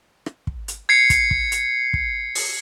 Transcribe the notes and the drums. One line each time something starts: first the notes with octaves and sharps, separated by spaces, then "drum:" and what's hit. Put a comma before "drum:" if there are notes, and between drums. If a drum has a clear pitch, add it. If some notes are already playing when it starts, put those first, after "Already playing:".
drum: rim click
drum: kick
drum: hi-hat
G#6 C7 C#7
drum: kick, hi-hat
drum: kick
drum: hi-hat
drum: kick
drum: open hi-hat